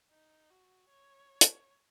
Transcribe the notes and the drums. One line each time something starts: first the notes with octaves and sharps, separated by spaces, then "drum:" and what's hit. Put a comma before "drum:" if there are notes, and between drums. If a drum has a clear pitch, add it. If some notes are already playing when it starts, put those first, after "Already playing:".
D#4
F#4
C#5
drum: hi-hat